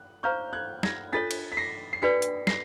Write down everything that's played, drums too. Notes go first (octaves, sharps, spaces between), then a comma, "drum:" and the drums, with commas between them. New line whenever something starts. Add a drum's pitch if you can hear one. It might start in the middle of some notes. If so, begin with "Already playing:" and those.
Already playing: F#6
C5 F5 A#5 C#6 F6 G6
F#6 G#6
G#6 A#6, drum: snare
D4 F4 A4 C#5 A6 B6
drum: cymbal
B6
A#6 C7
C7
D4 F#4 B4 D5 B6 C#7
drum: hi-hat
A#6 C7, drum: snare